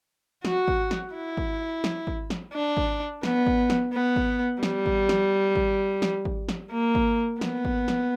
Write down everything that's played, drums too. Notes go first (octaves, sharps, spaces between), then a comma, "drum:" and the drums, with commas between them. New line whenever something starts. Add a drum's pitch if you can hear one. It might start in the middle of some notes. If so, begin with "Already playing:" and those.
F#4, drum: snare
drum: kick G#1
drum: snare
E4
drum: kick G#1
drum: snare
drum: kick G#1
drum: snare
D4
drum: kick G#1
B3, drum: snare
drum: kick G#1
drum: snare
B3
drum: kick G#1
G3, drum: snare
drum: kick G#1
drum: snare
drum: kick G#1
drum: snare
drum: kick G#1
drum: snare
A#3
drum: kick G#1
B3, drum: snare
drum: kick G#1
drum: snare